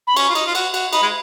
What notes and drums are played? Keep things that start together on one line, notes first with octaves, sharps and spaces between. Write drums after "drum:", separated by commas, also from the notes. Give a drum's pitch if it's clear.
B5
C#4 C#6, drum: cymbal
F4
D#4, drum: cymbal
F4
F#4, drum: cymbal
F#4, drum: cymbal
D#4 B5, drum: cymbal
G#3